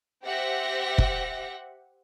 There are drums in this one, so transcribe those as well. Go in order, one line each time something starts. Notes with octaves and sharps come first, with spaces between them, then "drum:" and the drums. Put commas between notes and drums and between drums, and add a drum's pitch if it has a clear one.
G4 C5 E5 F#5 A#6
drum: kick